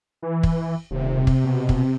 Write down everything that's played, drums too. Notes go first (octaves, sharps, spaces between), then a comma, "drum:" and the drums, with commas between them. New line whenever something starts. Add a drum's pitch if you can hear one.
E3
drum: kick
D#1 C3
drum: kick
B2
drum: kick